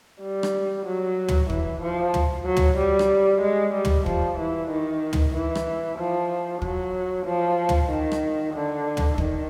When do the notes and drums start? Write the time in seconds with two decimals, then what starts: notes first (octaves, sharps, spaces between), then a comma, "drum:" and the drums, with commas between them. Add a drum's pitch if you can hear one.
0.21 G3
0.43 drum: rim click
0.86 F#3
1.28 drum: tom
1.50 E3, drum: kick
1.82 F3
2.14 drum: tom
2.45 F#3
2.57 drum: tom
2.78 G3
2.99 drum: rim click
3.42 G#3
3.74 G3
3.85 drum: tom
4.06 F3, drum: kick
4.38 E3
4.71 D#3
5.13 drum: tom
5.34 E3
5.55 drum: rim click
5.98 F3
6.62 F#3, drum: kick
7.26 F3
7.69 drum: tom
7.90 D#3
8.12 drum: rim click
8.54 D3
8.97 drum: tom
9.18 D#3, drum: kick